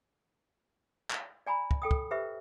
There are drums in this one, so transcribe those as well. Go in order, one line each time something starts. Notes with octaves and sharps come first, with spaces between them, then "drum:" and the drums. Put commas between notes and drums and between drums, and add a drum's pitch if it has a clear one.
drum: clap
D5 G#5 A#5 B5
drum: kick
A4 G5 D#6
drum: kick
G4 B4 C5 E5